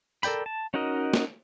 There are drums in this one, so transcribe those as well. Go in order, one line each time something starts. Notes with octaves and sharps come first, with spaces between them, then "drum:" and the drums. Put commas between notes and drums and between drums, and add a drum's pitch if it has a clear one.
A4 A#4 D5 G5 B5, drum: tambourine
A5
C#4 D#4 F#4 A#4 D#5
drum: snare